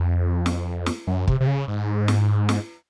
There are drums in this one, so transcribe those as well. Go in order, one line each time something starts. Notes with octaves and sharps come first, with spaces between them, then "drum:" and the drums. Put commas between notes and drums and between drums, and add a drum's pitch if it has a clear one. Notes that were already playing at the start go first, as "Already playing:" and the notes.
Already playing: F2
drum: snare
drum: snare
F#2
C3, drum: kick
C3
C#3
G#2
drum: snare
drum: snare